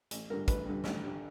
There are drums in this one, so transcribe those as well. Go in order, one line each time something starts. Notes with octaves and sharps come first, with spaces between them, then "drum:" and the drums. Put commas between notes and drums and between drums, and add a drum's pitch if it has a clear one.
A1, drum: hi-hat
G2 D3 G3 A#4
A1 B4, drum: kick, hi-hat
G2 D3 G3
A1, drum: snare
D3 G3